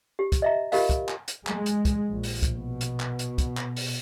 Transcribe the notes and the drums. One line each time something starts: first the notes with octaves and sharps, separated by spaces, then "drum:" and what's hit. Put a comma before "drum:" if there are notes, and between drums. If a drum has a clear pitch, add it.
G4
drum: kick, hi-hat
D#5 E5 A#5
F4 G4 A#4 D#5 F5, drum: open hi-hat
drum: kick, hi-hat
drum: clap
drum: hi-hat
G#3, drum: clap
drum: hi-hat
drum: kick, hi-hat
A#1
drum: open hi-hat
drum: kick, hi-hat
B2
drum: hi-hat
drum: clap
drum: hi-hat
drum: kick, hi-hat
drum: clap
drum: open hi-hat